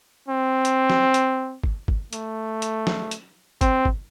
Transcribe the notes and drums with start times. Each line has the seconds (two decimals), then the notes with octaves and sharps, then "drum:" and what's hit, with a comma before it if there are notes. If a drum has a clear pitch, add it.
0.28 C4
0.65 drum: hi-hat
0.90 drum: snare
1.14 drum: hi-hat
1.64 drum: kick
1.88 drum: kick
2.13 A3, drum: hi-hat
2.62 drum: hi-hat
2.87 drum: snare
3.11 drum: hi-hat
3.61 C4, drum: kick, hi-hat
3.85 drum: kick